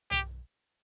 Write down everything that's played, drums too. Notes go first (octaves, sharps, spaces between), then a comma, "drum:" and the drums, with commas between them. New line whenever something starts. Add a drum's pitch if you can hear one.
G4, drum: tom B1